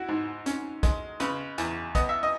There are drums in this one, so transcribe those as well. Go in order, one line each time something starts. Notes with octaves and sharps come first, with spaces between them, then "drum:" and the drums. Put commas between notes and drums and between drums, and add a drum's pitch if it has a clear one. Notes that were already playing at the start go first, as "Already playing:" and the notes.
Already playing: E4 F#4
G#2
C#4, drum: hi-hat
G#3, drum: kick, hi-hat
C#3 B4, drum: hi-hat
E2, drum: hi-hat
B3 D#5, drum: kick, hi-hat
E5
D#5